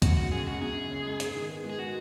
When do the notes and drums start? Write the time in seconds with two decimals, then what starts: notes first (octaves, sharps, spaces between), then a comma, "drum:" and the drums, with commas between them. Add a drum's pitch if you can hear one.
0.02 F#2 F#4, drum: kick, hi-hat
0.17 C#3 F#4
0.31 C#4 G#4
0.46 G#3 F#4
0.61 F#2 G#4
0.76 C#3
0.91 C#4
1.06 G#3
1.20 G#2, drum: hi-hat
1.35 D#3
1.49 B3
1.64 G#3
1.70 G#4
1.79 F#4